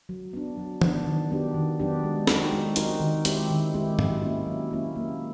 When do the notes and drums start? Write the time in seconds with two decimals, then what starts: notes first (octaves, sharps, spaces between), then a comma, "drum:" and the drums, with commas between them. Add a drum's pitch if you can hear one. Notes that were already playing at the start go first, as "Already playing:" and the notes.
0.09 F#3
0.33 B3 D4
0.57 F#3
0.81 B3 D4, drum: tom E3
1.07 D#3
1.30 F#3 B3 D4 G4
1.55 D#3
1.80 F#3 B3 D4 G4
2.04 G#3
2.27 C4 D#4 F#4 A#4, drum: snare
2.52 G#3
2.76 C4 D#4 F#4 A#4, drum: hi-hat
3.00 D#3
3.25 G#3 C4 E4 G4, drum: hi-hat
3.50 D#3
3.74 G#3 C4 E4 G4
3.99 F#3, drum: tom
4.22 A#3 C#4 E4
4.46 F#3
4.71 A#3 C#4 E4
4.96 A#3